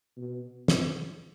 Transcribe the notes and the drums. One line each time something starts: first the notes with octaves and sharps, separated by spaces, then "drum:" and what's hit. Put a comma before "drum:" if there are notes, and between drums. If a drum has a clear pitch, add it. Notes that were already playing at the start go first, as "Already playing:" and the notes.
B2
drum: snare